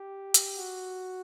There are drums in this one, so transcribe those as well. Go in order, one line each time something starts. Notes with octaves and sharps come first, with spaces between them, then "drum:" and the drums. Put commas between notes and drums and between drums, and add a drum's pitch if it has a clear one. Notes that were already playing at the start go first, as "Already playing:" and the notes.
Already playing: G4
drum: hi-hat
F#4